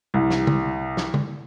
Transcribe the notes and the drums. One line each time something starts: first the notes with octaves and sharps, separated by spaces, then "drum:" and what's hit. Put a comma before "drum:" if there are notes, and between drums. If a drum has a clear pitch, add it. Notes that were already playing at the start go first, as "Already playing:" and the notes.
C2
drum: snare
drum: tom C#3
drum: snare
drum: tom C#3